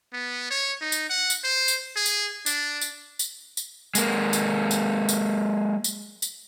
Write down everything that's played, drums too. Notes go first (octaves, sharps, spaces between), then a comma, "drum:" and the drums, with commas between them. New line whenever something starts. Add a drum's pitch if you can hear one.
B3
C#5
D#4
drum: tambourine
F#5
drum: tambourine
C5
drum: tambourine
G#4
drum: tambourine
D4, drum: tambourine
drum: tambourine
drum: tambourine
drum: tambourine
G#3 A#3, drum: tambourine
drum: tambourine
drum: tambourine
drum: tambourine
drum: tambourine
drum: tambourine